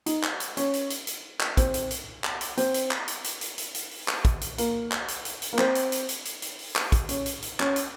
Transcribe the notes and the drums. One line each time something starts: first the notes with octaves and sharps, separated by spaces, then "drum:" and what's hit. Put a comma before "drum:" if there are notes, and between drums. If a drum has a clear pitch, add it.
D#4, drum: hi-hat
drum: clap
drum: hi-hat
C#4, drum: hi-hat
drum: hi-hat
drum: hi-hat
drum: hi-hat
drum: clap
C4, drum: kick, hi-hat
drum: hi-hat
drum: hi-hat
drum: clap
drum: hi-hat
C4, drum: hi-hat
drum: hi-hat
drum: clap
drum: hi-hat
drum: hi-hat
drum: hi-hat
drum: hi-hat
drum: hi-hat
drum: open hi-hat
drum: clap
drum: kick, hi-hat
drum: hi-hat
A#3, drum: hi-hat
drum: clap
drum: hi-hat
drum: hi-hat
drum: hi-hat
A#3
C4, drum: clap
drum: hi-hat
drum: hi-hat
drum: hi-hat
drum: hi-hat
drum: hi-hat
drum: open hi-hat
drum: clap
drum: kick, hi-hat
C#4, drum: hi-hat
drum: hi-hat
drum: hi-hat
C#4, drum: clap
drum: hi-hat